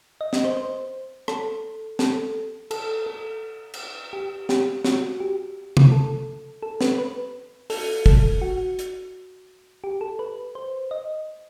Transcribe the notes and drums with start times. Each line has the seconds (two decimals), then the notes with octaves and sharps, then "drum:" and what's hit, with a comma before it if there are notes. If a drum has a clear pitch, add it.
0.21 D#5
0.33 D#5, drum: snare
0.45 C5
0.57 C5
1.28 A4, drum: rim click
1.99 A4, drum: snare
2.71 A4, drum: cymbal
3.06 A4
3.74 drum: cymbal
4.13 G4
4.49 G4, drum: snare
4.85 F#4, drum: snare
5.20 G4
5.77 drum: tom
5.92 A4
6.63 A4
6.81 B4, drum: snare
6.98 B4
7.70 A4, drum: open hi-hat
8.06 A4, drum: kick
8.42 F#4
8.79 drum: hi-hat
9.84 G4
10.01 A4
10.19 B4
10.55 C5
10.91 D#5